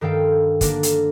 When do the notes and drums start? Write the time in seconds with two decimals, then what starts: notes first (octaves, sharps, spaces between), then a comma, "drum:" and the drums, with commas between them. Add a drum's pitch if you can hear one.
0.01 G2 D#3 A4 F5 G5
0.61 D3 A#3 D4, drum: kick, hi-hat
0.83 drum: hi-hat